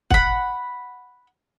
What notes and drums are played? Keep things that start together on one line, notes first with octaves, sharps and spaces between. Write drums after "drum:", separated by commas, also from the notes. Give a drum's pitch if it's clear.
F#5 B5, drum: kick